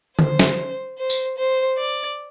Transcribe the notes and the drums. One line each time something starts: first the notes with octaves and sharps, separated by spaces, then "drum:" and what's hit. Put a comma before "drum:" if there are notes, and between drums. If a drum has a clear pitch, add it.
C5, drum: tom D3
drum: snare
C5
drum: tambourine
C5
D5